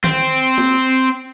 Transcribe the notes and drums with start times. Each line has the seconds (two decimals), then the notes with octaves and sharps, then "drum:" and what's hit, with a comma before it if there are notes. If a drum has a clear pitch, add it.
0.04 C4, drum: tom D#3
0.58 drum: snare